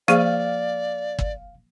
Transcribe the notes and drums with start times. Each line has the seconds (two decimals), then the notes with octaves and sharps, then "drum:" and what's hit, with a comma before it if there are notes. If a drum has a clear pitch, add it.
0.08 F3 A#3 G#4 D5 F5, drum: rim click
1.19 drum: kick